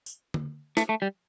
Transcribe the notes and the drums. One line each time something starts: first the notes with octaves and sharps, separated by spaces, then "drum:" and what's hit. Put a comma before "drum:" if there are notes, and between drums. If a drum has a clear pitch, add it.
drum: tambourine
drum: tom D3
A3, drum: snare
A3
G3